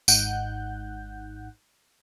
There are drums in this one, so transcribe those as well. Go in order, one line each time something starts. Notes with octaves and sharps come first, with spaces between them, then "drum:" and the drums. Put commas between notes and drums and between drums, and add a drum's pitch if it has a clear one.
G#1 G#2 D#4 F#5 F#6 G6, drum: tambourine